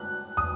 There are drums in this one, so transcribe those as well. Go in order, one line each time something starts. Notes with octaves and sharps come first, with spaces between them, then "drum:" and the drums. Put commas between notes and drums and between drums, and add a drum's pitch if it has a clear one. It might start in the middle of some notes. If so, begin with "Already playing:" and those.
Already playing: F#6
D#6, drum: tom